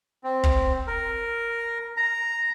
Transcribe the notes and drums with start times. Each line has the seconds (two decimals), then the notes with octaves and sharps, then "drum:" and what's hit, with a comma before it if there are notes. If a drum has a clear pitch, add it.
0.24 C4
0.43 drum: kick
0.87 A#4
1.97 A#5